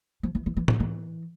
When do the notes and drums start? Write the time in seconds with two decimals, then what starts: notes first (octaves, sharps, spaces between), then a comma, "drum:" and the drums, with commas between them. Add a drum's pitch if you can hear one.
0.23 F3
0.35 E3
0.46 E3
0.57 E3
0.68 F3, drum: tom A2
0.80 E3